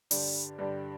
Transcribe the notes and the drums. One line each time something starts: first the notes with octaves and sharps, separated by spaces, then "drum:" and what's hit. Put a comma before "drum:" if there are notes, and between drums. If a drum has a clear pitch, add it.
G2 D3 G3 D4 G4, drum: open hi-hat
G2 D3 G3 D4 G4